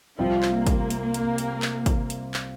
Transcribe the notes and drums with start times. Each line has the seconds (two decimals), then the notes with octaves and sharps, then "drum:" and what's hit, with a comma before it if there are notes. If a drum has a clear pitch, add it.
0.19 C2 C3 F3 G3 C4 F4
0.43 drum: clap
0.54 A#3
0.67 drum: kick, hi-hat
0.90 drum: hi-hat
1.14 drum: hi-hat
1.38 drum: hi-hat
1.62 drum: clap
1.86 drum: kick, hi-hat
2.10 drum: hi-hat
2.34 drum: clap